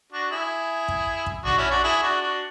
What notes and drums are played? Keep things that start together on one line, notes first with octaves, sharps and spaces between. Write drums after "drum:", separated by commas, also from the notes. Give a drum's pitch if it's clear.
D4 F#4
E4 G#4
drum: kick
drum: kick
D4 F#4, drum: tom A#1
C#4 E4
D4 F#4
E4 G#4
D4 F#4
D4 F#4